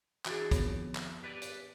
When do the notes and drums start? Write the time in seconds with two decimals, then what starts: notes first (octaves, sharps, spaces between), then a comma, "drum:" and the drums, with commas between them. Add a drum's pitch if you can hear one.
0.26 E3 D4 F#4 G#4, drum: clap
0.51 F2 B3 C#5, drum: kick, hi-hat
0.95 drum: clap
1.23 G4 B4 D5
1.42 drum: hi-hat